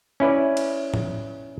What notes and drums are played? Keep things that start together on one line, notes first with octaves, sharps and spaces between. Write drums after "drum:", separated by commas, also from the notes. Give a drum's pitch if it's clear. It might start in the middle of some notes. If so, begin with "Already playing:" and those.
C#4 E4 B4 D5
drum: cymbal
drum: tom A2